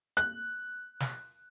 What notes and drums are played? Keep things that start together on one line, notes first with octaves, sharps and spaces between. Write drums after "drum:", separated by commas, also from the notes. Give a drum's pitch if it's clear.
F#6, drum: hi-hat
drum: snare